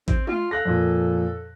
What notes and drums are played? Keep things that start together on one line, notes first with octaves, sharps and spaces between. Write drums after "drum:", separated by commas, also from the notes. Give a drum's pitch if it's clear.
C4, drum: kick A1
F4, drum: tom G#3
A4 F5 F#6 A#6
F2 A#2